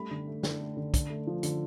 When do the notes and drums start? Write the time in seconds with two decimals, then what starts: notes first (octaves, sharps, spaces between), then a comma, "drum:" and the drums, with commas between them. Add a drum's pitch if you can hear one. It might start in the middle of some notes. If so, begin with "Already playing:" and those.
Already playing: G3 A3 B5
0.11 D3
0.27 A3
0.43 D3, drum: snare
0.60 A3
0.77 D3
0.94 D3, drum: kick, hi-hat
1.10 A3
1.27 F3
1.43 D3, drum: hi-hat